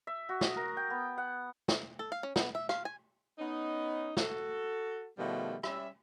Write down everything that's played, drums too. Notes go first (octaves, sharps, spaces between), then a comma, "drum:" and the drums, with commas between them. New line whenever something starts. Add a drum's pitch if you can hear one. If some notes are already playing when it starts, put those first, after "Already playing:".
E5
F#4
D#6, drum: snare
A#4
G5
B3
F#5
drum: snare
A4
F5
C#4
B3, drum: snare
E5
F5, drum: rim click
G#5
B3 C#4 D#4
F#4 A4, drum: snare
B2 D#3 F3 G3 A3
G3 C#4 E5, drum: rim click